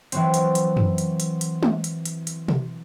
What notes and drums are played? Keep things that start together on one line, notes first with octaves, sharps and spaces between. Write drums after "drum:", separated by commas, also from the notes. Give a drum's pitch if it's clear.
E3 F#3 C4, drum: hi-hat
drum: hi-hat
drum: hi-hat
drum: tom F#2
drum: hi-hat
drum: hi-hat
drum: hi-hat
drum: tom G#3
drum: hi-hat
drum: hi-hat
drum: hi-hat
drum: tom B2